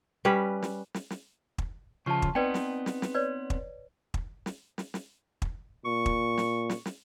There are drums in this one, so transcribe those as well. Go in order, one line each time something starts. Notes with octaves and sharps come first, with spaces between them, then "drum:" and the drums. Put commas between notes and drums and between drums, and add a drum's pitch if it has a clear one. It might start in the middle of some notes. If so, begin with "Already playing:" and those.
G3 C#4 B4
drum: snare
drum: snare
drum: snare
drum: kick
C#3 F3 F4 A5 C#6
drum: kick
B3 C4 D#4 B4 D5 G5
drum: snare
drum: snare
drum: snare
B4 C#5 D5
drum: kick
drum: kick
drum: snare
drum: snare
drum: snare
drum: kick
A#2 C#6
drum: kick
drum: snare
drum: snare
drum: snare